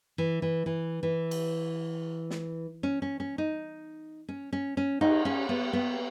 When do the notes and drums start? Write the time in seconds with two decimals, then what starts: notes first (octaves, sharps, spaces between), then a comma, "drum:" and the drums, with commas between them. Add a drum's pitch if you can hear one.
0.18 E3
0.42 E3
0.66 E3
1.03 E3
1.31 drum: cymbal
2.30 drum: snare
2.83 C#4
3.02 C#4
3.20 C#4
3.38 D#4
4.29 C#4
4.53 C#4
4.77 C#4
5.01 D#4, drum: cymbal
5.25 C#4
5.49 B3
5.73 B3